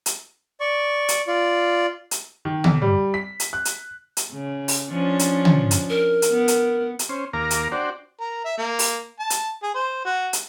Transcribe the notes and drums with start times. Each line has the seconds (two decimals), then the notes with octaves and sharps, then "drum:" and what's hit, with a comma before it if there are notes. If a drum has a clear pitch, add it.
0.06 drum: hi-hat
0.60 D5 C#6
1.08 drum: hi-hat
1.27 F4 D5
2.11 drum: hi-hat
2.45 D#3
2.64 B1, drum: tom
2.82 G3
3.14 B6
3.40 drum: hi-hat
3.53 F#6
3.65 drum: hi-hat
4.17 drum: hi-hat
4.32 C#3
4.68 drum: open hi-hat
4.92 F3 C#4 D4
5.19 drum: hi-hat
5.45 drum: tom
5.71 drum: hi-hat
5.90 A#4
6.22 drum: hi-hat
6.31 B3
6.48 drum: hi-hat
6.99 drum: hi-hat
7.09 C#4 C5
7.33 D#2 A#3 A#4 F5 A#5 D6
7.50 drum: hi-hat
7.72 D4 F#4 C5 D5 G5
8.20 A#4
8.45 E5
8.58 A#3
8.79 drum: open hi-hat
9.19 A5
9.30 drum: hi-hat
9.63 G#4
9.75 C5
10.05 F#4
10.33 drum: hi-hat